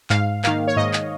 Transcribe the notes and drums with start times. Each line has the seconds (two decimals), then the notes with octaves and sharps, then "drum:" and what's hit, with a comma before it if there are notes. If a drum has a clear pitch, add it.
0.10 G#2 F5, drum: clap
0.44 D#3 A#3 F5, drum: clap
0.67 C#5
0.76 G#2 D#5
0.93 drum: clap